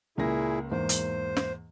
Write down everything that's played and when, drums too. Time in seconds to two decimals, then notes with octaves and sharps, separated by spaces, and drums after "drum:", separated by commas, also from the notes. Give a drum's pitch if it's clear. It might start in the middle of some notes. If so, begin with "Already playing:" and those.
0.18 C#2 A#2 A#3 E4 G#4 A#6
0.71 E2 G#2 A#3 C5
0.89 drum: hi-hat
1.37 drum: snare